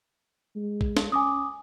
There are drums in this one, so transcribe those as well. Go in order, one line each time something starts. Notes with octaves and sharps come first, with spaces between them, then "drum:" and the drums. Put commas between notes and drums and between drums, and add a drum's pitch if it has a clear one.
G#3
drum: kick
drum: snare
C#4 G#5 D6 D#6